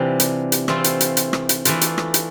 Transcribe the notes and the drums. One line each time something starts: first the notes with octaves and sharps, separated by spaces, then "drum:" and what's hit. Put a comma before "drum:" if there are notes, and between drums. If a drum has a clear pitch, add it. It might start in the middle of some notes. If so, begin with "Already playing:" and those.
Already playing: C3 E3 G3 D4 F4
drum: hi-hat
drum: hi-hat
E3 A3 C4 F4, drum: rim click
drum: hi-hat
drum: hi-hat
drum: hi-hat
drum: rim click
drum: hi-hat
E3 A3 D4 F4, drum: hi-hat
drum: hi-hat
drum: rim click
drum: hi-hat